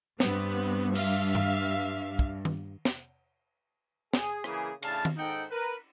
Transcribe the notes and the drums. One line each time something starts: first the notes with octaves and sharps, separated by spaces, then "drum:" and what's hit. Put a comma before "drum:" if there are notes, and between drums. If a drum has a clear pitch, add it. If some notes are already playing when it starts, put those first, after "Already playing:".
G2 B3 C4, drum: snare
E5 F5, drum: cymbal
drum: tom G2
drum: kick
drum: tom D#3
drum: snare
G#4, drum: snare
C#3 E3 A#3 G#4, drum: rim click
A2 C#3 D4 F5 A5, drum: cymbal
drum: tom D#3
G#2 D#4 A4 F#5 G5
A#4 B4